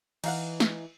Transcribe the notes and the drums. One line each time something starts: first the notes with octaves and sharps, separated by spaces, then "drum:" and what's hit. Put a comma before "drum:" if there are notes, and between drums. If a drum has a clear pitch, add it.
E3 D#4 F5 F#5, drum: cymbal
drum: snare